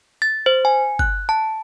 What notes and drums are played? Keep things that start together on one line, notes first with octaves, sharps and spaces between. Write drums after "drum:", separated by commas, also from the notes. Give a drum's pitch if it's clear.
A6
C5
G#5
F#6, drum: kick G1
A5